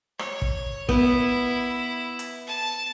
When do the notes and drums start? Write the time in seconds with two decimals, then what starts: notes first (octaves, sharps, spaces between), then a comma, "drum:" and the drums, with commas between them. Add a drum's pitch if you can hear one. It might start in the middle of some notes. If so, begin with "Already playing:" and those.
0.19 C#5, drum: rim click
0.42 drum: kick
0.89 B3 E4, drum: kick
2.19 drum: hi-hat
2.47 A5